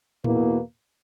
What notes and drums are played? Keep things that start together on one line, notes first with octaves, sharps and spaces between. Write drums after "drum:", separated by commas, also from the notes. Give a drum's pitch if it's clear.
E2 B2 A#3 E4 B4, drum: tom A2